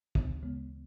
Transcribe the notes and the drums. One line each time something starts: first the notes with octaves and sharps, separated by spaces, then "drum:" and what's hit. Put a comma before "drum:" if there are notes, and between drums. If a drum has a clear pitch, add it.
D2, drum: kick
C#3 E3 G#3 B3